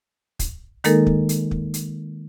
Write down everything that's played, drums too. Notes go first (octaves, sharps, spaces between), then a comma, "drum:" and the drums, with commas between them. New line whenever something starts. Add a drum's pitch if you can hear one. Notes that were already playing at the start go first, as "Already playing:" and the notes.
drum: kick, hi-hat
D#3 G#3 A#3 D#4 A4 A#4, drum: hi-hat
drum: kick
drum: hi-hat
drum: kick
drum: hi-hat